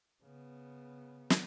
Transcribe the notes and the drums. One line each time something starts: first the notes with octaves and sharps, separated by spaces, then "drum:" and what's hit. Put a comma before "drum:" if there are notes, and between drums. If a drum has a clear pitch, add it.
C#3 B3
drum: snare